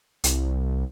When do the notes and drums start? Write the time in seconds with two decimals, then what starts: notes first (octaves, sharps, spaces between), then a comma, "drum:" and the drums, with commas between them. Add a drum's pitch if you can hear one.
0.24 C2, drum: hi-hat